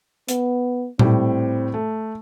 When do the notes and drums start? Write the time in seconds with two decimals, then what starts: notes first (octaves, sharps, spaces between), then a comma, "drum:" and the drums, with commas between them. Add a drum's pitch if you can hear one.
0.28 B3, drum: hi-hat
0.99 A2 G3 C4, drum: tom A#2
1.74 A3